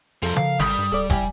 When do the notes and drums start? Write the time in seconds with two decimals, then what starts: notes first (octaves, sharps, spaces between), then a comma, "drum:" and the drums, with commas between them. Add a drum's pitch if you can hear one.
0.23 C2 F2 F3 A4 A#4
0.36 F3 F5, drum: tom C#3
0.60 G#1 G3 D#6, drum: snare
0.79 G2
0.92 D1 A4 D5
1.10 D#1 E4 G4 D5 G#5, drum: kick, hi-hat